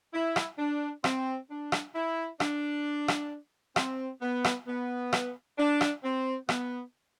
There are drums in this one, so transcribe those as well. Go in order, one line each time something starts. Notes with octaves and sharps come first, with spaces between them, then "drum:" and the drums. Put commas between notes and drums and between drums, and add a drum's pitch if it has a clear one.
E4
drum: rim click
D4
C4, drum: rim click
D4
drum: rim click
E4
D4, drum: rim click
drum: rim click
C4, drum: rim click
B3
drum: rim click
B3
drum: rim click
D4
drum: rim click
C4
B3, drum: rim click